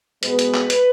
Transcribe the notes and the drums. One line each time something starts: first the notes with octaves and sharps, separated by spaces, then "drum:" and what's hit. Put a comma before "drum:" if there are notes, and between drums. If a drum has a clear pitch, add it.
B2 G#3 B3 B4, drum: hi-hat
drum: hi-hat
drum: clap
drum: hi-hat